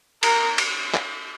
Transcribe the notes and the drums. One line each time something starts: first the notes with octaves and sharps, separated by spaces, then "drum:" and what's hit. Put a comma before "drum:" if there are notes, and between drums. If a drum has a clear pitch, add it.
A#4, drum: cymbal
drum: cymbal
drum: clap